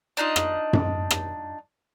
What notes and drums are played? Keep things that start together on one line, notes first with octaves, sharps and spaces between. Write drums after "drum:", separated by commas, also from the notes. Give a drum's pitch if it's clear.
D4 D#4 F4 D#5
drum: rim click
drum: tom F#2
drum: rim click